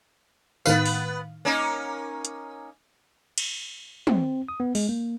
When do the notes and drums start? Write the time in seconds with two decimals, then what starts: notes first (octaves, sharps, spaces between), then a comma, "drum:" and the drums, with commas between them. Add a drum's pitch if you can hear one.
0.66 A2 D#3 B3 B4 F5, drum: tambourine
0.86 drum: open hi-hat
1.45 A#3 C#4 D#4
2.25 drum: hi-hat
3.38 drum: cymbal
4.07 C4, drum: tom
4.48 D#6
4.60 B3
4.75 G#3, drum: open hi-hat
4.89 A#3